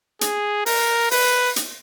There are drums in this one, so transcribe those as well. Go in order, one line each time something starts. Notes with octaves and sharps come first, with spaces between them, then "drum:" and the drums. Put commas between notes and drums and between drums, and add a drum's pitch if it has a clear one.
G#4, drum: hi-hat
A#4, drum: open hi-hat
B4, drum: open hi-hat
drum: hi-hat